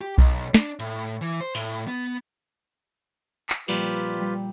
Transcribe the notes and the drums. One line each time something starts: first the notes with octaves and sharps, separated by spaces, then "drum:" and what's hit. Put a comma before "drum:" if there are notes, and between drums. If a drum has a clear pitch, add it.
G4
B1, drum: kick B1
D4, drum: snare
A2, drum: hi-hat
E3
C5
A2, drum: open hi-hat
B3
drum: clap
A#2 F3 G3 F4 G4 B4, drum: cymbal
G3